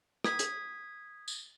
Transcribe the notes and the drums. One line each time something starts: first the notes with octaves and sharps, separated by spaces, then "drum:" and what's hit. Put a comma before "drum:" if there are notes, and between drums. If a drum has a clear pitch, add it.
D#6 G#6 B6, drum: rim click
drum: hi-hat
drum: tambourine